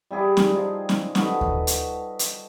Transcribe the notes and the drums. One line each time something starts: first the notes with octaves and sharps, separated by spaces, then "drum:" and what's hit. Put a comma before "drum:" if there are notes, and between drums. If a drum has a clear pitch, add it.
G3 E4 G#4 D5
drum: snare C#4
F3 D#4
drum: snare C#4
F#4 A4 B4 D#5, drum: snare C#4
drum: kick D#2
drum: hi-hat
drum: hi-hat